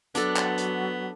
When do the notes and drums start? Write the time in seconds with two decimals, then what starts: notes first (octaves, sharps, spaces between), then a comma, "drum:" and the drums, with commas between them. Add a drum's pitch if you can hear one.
0.15 F#3 B3 D4 A4, drum: hi-hat
0.36 drum: clap
0.58 drum: hi-hat